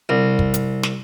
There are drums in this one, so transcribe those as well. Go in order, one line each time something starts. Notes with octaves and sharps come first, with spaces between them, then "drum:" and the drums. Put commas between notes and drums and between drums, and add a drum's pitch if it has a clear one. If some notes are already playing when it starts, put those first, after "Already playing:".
C2
drum: kick
drum: hi-hat
drum: snare